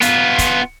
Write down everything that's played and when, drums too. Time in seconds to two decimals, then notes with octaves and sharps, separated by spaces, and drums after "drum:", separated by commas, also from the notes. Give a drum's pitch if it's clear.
0.02 B3 F4, drum: hi-hat
0.38 drum: kick, hi-hat